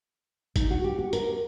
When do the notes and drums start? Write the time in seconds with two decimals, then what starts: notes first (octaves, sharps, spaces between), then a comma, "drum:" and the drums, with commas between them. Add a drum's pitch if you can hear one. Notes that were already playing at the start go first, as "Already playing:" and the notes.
0.56 D#4, drum: kick G1, hi-hat
0.71 F#4
0.84 G4
0.98 F#4
1.13 A#4, drum: hi-hat